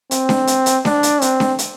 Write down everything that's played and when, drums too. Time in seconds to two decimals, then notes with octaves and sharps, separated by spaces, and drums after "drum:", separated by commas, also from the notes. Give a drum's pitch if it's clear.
0.11 C4, drum: hi-hat
0.29 drum: snare D4
0.47 drum: hi-hat
0.66 drum: hi-hat
0.85 D4, drum: snare D4
1.03 drum: hi-hat
1.22 C4, drum: hi-hat
1.40 drum: snare D4
1.59 drum: hi-hat